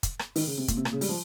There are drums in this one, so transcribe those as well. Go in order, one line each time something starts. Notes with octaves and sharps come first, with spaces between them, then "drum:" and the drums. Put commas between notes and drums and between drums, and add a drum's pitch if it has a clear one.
drum: kick, hi-hat
drum: rim click
D#3, drum: open hi-hat
C#3
C3
A#2, drum: kick, hi-hat
C3
A#2, drum: rim click
C#3
G3, drum: open hi-hat
F3